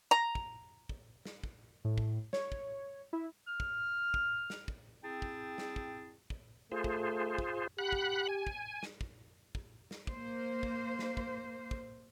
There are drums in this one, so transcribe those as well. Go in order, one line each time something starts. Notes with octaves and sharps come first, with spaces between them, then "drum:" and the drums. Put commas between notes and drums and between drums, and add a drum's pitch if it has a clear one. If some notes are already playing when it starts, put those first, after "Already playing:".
A#5
drum: kick
drum: kick
drum: snare
drum: kick
A2
drum: kick
C#5, drum: snare
drum: kick
E4
F6
drum: kick
drum: kick
drum: snare
drum: kick
C4 E4 G#4 G5 A5
drum: kick
drum: snare
drum: kick
drum: kick
A3 F4 G#4 C5
drum: kick
drum: kick
G4 F#5 B5 F#6
drum: kick
G#5
drum: kick
drum: snare
drum: kick
drum: kick
drum: snare
A#3 C5, drum: kick
drum: kick
drum: snare
drum: kick
drum: kick